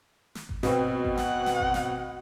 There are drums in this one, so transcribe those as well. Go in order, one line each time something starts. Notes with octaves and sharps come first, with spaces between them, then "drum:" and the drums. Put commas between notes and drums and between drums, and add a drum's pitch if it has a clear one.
drum: snare
drum: kick G#1
B2 B3 C4, drum: snare
drum: kick G#1
F#5, drum: snare
drum: snare
drum: kick G#1
drum: snare